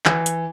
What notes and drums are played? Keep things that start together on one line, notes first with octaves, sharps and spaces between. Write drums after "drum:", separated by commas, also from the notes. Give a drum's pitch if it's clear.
E3, drum: clap
drum: hi-hat